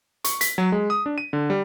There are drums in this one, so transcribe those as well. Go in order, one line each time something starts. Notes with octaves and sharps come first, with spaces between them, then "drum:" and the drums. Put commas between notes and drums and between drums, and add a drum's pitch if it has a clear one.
C#6, drum: hi-hat
B6, drum: hi-hat
F#3
G#3
D#6
D4
D#7
D3
G3